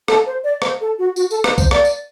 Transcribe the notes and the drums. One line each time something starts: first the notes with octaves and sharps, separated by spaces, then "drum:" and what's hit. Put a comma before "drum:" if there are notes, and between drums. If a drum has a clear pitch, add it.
A4, drum: rim click
C5
D5
C5, drum: rim click
A4
F#4
F#4, drum: tambourine
A4, drum: tambourine
B4, drum: rim click
C5, drum: kick B1, tambourine
D5, drum: rim click
drum: tambourine